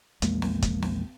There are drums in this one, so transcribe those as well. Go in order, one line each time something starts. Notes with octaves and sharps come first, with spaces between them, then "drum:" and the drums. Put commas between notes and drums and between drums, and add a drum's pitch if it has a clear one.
A#1 E2 G#3 A#3, drum: hi-hat
drum: snare
drum: kick, hi-hat
drum: snare